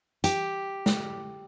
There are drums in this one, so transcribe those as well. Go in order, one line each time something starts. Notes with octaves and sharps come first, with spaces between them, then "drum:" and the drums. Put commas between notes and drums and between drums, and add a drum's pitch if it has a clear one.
G4, drum: hi-hat
drum: snare